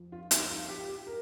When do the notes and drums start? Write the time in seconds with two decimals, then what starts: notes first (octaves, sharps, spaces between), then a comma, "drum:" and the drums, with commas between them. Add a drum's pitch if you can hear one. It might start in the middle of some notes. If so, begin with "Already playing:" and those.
Already playing: F2 F3
0.12 F4
0.31 D#4, drum: hi-hat
0.50 F4
0.68 G4
0.87 G4
1.07 A#4